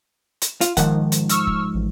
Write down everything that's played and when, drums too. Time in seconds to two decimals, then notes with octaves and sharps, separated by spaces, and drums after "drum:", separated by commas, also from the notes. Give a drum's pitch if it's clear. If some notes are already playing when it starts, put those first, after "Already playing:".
0.42 drum: hi-hat
0.61 F4, drum: hi-hat
0.77 G#2 D#3 F3 F#5, drum: kick, hi-hat
1.12 drum: hi-hat
1.29 C#6 E6 F6, drum: hi-hat
1.47 drum: kick
1.74 A1